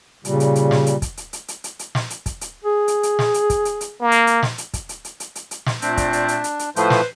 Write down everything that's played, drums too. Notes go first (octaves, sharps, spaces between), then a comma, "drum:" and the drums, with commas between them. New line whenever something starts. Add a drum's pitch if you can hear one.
A#2 C#3 G3, drum: hi-hat
drum: hi-hat
drum: hi-hat
drum: snare
drum: hi-hat
drum: kick, hi-hat
drum: hi-hat
drum: hi-hat
drum: hi-hat
drum: hi-hat
drum: hi-hat
drum: snare
drum: hi-hat
drum: kick, hi-hat
drum: hi-hat
G#4
drum: hi-hat
drum: hi-hat
drum: snare
drum: hi-hat
drum: kick, hi-hat
drum: hi-hat
drum: hi-hat
A#3
drum: hi-hat
drum: hi-hat
drum: snare
drum: hi-hat
drum: kick, hi-hat
drum: hi-hat
drum: hi-hat
drum: hi-hat
drum: hi-hat
drum: hi-hat
drum: snare
A#2 A3 C4 D4, drum: hi-hat
drum: kick, hi-hat
drum: hi-hat
drum: hi-hat
drum: hi-hat
drum: hi-hat
A2 F3 A3 B4 C5, drum: hi-hat
drum: snare